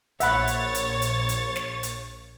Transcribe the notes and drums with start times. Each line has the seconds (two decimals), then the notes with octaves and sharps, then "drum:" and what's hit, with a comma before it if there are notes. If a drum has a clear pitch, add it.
0.20 A#1 C#5 E5 F#5 B5 A6, drum: hi-hat
0.47 drum: hi-hat
0.75 drum: hi-hat
1.02 drum: hi-hat
1.29 drum: hi-hat
1.56 drum: snare
1.83 drum: hi-hat